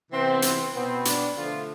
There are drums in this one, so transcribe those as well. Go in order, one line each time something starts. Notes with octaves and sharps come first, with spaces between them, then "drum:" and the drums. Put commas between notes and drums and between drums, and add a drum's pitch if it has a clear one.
C3 E3 B3 C4
drum: hi-hat
B2 B3 C4
D4, drum: hi-hat
D3 F3 A3 F4